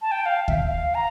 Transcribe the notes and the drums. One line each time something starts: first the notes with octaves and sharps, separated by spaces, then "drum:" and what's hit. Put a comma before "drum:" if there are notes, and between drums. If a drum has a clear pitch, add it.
A5
G5
F5
E5, drum: kick
F5
F5
A#5